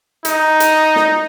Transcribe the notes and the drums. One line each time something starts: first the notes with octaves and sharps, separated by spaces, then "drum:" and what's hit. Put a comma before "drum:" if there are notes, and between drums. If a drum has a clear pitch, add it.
D#4, drum: hi-hat
drum: hi-hat
drum: snare